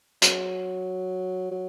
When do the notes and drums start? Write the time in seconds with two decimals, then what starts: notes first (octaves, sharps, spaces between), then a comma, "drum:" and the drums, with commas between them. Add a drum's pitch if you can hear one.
0.22 F#3, drum: hi-hat
1.51 F#3